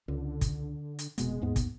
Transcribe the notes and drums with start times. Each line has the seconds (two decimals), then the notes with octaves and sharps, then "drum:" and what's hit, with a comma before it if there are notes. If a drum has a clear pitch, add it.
0.08 C#2 D3
0.41 drum: kick, hi-hat
0.99 drum: hi-hat
1.18 F1 B2 G#3 B3, drum: hi-hat
1.41 D#2 G#2 B3
1.56 drum: kick, hi-hat